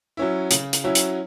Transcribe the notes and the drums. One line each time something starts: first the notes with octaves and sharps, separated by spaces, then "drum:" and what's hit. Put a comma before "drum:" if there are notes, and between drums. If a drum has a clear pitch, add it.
F#3 C#4 E4
C#3, drum: hi-hat
drum: hi-hat
F#3 C#4 E4
drum: hi-hat